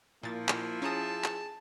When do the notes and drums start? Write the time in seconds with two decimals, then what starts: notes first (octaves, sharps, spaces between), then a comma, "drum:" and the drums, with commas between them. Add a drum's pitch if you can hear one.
0.23 A#2 F3 A#3 E4 A6
0.49 drum: clap
0.82 C#4 G#4 A5 A#5 D#6
1.24 drum: clap